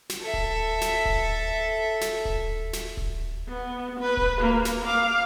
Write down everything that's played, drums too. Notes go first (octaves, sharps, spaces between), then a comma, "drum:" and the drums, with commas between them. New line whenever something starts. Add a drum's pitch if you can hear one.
drum: snare
A4 E5
drum: kick D1
drum: snare
drum: kick D1
drum: snare
drum: kick D1
drum: snare
drum: kick D1
B3
B4
drum: kick D1
A#3
drum: snare
F5 D6